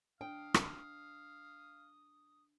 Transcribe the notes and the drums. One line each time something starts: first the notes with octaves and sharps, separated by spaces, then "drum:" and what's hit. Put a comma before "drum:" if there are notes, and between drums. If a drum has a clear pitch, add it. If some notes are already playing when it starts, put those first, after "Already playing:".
D4 F5 G5 D#6
drum: rim click